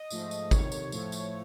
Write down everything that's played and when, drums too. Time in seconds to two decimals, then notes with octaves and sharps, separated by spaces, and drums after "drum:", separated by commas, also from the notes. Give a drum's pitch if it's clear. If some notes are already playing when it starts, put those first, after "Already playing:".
Already playing: D#5
0.10 G#2 F3 A3, drum: tambourine
0.31 drum: tambourine
0.51 F2 C3 D#3 C#5, drum: kick G#1, tambourine
0.72 drum: tambourine
0.92 A2 F3 A3, drum: tambourine
1.12 drum: tambourine